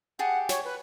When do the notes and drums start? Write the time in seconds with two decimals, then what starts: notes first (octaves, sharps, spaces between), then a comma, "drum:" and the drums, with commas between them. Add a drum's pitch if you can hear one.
0.19 G4 G#4 F#5 A5
0.49 C#5, drum: snare
0.64 B4